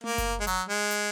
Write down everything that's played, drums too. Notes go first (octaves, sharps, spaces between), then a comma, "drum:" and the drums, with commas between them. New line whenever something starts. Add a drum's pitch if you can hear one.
A#3, drum: tom A3
drum: kick F#1, hi-hat
G#3
F#3, drum: hi-hat
G#3
drum: hi-hat